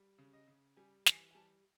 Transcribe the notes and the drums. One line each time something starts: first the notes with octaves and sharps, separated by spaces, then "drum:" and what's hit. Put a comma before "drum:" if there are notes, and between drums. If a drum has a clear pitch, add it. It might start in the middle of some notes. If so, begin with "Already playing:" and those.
Already playing: G3
C#3
D#5
C#3
G3 G#5
E3 G#5, drum: snare
G#5
G3 A5